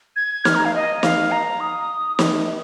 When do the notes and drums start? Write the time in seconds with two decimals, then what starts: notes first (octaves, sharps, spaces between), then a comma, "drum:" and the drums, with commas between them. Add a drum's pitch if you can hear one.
0.16 G#6
0.45 F6, drum: snare
0.55 A#5
0.65 F5
0.75 D#5
1.03 F5, drum: snare
1.32 A#5
1.60 D#6
2.19 drum: snare